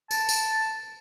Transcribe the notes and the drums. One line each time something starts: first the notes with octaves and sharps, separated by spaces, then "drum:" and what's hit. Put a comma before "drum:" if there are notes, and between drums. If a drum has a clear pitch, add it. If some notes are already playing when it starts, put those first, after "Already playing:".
A5, drum: tambourine
drum: tambourine